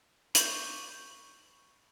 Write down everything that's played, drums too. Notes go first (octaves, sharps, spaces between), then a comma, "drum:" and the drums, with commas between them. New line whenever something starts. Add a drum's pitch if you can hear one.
B5 C#6 D6 G6, drum: hi-hat